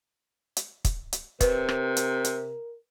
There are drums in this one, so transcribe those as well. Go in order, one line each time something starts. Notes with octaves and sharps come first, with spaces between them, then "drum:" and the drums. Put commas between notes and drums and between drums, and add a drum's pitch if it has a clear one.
drum: hi-hat
drum: kick, hi-hat
drum: hi-hat
C3 A#4 B4, drum: kick, hi-hat
drum: rim click
drum: hi-hat
drum: hi-hat